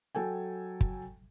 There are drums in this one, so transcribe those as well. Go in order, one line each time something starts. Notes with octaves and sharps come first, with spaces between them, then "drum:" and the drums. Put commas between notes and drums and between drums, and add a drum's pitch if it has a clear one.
F#3 A4 G5 G#5
drum: kick